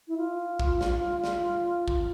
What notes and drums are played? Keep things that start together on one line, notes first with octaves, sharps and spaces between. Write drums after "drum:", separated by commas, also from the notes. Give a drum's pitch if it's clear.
E4
F4
drum: kick A1
drum: snare
drum: snare
drum: kick A1